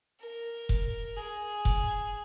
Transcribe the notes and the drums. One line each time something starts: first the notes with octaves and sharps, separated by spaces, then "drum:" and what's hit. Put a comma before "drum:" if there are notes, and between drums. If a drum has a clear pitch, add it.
A#4
drum: kick F1
G#4
drum: kick F1